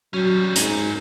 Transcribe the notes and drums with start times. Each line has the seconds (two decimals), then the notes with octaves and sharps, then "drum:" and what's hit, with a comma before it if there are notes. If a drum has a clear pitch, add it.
0.14 F#3 G3 C#4
0.56 G#2 A#4 G#5, drum: hi-hat